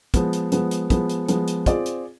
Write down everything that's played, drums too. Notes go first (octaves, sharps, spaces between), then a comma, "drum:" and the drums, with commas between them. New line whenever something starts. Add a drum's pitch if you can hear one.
F3 G#3 B3, drum: kick, hi-hat
drum: hi-hat
F3 G#3 B3, drum: hi-hat
drum: hi-hat
F3 G#3 B3, drum: kick, hi-hat
drum: hi-hat
F3 G#3 B3, drum: hi-hat
drum: hi-hat
C4 F4 G#4 D5, drum: kick, hi-hat
drum: hi-hat